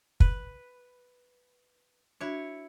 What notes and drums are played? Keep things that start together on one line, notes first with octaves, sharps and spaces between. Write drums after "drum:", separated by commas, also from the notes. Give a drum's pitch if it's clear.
B4, drum: kick
D4 E4 F#4 C#5 E5